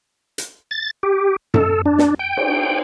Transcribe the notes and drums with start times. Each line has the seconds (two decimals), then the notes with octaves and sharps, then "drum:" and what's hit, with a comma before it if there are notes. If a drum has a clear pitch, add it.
0.38 drum: hi-hat
0.71 A6
1.03 G4
1.54 A4, drum: tom F#2
1.86 D4
1.98 drum: snare
2.19 G5
2.37 drum: cymbal